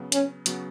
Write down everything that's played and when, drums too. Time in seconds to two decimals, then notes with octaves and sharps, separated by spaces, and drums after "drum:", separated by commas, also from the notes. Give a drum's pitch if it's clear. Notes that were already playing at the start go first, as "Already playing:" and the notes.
Already playing: C#3 F#3 B3
0.12 C#4, drum: hi-hat
0.46 C#3 F#3 B3 F#4, drum: hi-hat